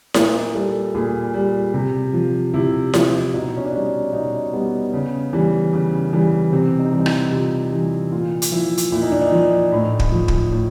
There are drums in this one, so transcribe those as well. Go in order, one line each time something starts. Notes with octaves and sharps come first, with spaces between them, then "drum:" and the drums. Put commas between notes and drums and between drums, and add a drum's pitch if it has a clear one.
A#2 A#4, drum: snare E4
G3 A4
A#2 G#4
G3
C3
F3
C3 E4
F3, drum: snare E4
B2 D#4
C#4
D4
G3 D#4
B2 D#4
G3 B3
C#3
E3 G3
C#3
E3 G3
C3 C4
D#4
E3 G3
D#4
E4, drum: rim click
C3 F4
E3 G3
A#2 F4
drum: hi-hat
F3 E4
drum: hi-hat
A#2 E4
D#4
D4
D#4
F3
A2
drum: kick
F3
drum: kick
A2